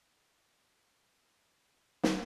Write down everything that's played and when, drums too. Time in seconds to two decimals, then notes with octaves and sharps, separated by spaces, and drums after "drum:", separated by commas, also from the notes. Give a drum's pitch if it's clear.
0.18 E2 G2 G#3
2.03 drum: snare